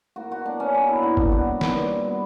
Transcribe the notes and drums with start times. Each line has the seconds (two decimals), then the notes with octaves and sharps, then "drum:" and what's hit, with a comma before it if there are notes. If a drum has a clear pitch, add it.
0.16 A#3 F#4
0.30 B2 F#4
0.46 A#3 D4
0.60 B2 C#4
0.74 A#3 D4
0.89 B2 E4
1.03 A#3 F#4
1.17 B2 D4, drum: kick
1.32 G3 F#4
1.47 B3
1.61 A#2, drum: snare
1.76 A#2
1.90 G3
2.05 B3